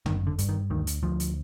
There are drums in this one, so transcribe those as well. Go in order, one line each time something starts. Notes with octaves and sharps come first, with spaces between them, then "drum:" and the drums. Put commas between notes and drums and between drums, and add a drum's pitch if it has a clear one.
G1 D#3, drum: tom
D3
G2, drum: hi-hat
D#3
D2 D#3
drum: hi-hat
D2 F3
drum: hi-hat